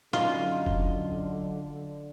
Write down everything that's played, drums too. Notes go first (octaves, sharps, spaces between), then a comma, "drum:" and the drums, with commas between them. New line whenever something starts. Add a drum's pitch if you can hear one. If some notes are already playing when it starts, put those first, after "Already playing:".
F#2 D3 D#4 F4 C6, drum: hi-hat
drum: kick F1